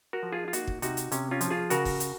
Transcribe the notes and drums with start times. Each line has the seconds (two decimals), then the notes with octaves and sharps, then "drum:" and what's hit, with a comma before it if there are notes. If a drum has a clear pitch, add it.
0.13 F#4 A#4
0.23 F3
0.33 F4 G#4
0.48 F4
0.53 A#3 D#4 F#4, drum: hi-hat
0.67 drum: kick
0.82 C3 D#4 F#4, drum: hi-hat
0.97 drum: hi-hat
1.12 C3 C#4, drum: hi-hat
1.31 C#4 F4
1.41 F3, drum: hi-hat
1.50 F4 G#4
1.70 C#3 F#4 A#4, drum: hi-hat
1.85 drum: kick, open hi-hat
2.00 drum: hi-hat